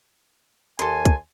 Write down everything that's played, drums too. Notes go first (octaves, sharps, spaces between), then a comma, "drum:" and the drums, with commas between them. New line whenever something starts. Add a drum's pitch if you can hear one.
D#2 A4 G#5 C6, drum: hi-hat
drum: kick, hi-hat